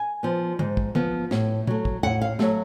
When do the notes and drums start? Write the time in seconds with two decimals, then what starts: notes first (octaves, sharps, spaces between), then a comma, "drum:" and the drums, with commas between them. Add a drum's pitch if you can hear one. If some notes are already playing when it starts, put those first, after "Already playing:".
Already playing: G#5
0.23 F3 B3
0.59 G#2, drum: tom
0.77 drum: kick
0.95 F3 B3, drum: tom
1.31 A2, drum: snare
1.67 F#3 A3, drum: tom A#2
1.85 drum: kick
2.03 A2 F#5, drum: tom E2
2.22 F5
2.39 F#3 A3, drum: snare